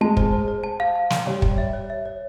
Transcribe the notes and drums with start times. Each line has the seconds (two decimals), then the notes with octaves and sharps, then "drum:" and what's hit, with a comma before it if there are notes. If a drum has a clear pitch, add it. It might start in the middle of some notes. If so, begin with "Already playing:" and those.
0.01 G#3 A5
0.17 C5, drum: kick
0.33 C5
0.48 C5
0.64 A5
0.80 F5
0.95 F5
1.10 C6, drum: snare
1.27 G3 C#5
1.42 C#5, drum: kick
1.58 E5
1.73 C#5
1.90 E5
2.06 C#5